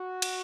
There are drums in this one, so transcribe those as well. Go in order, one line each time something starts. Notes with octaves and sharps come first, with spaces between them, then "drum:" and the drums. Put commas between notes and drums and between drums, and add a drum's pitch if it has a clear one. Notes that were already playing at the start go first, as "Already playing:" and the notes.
Already playing: F#4
drum: cymbal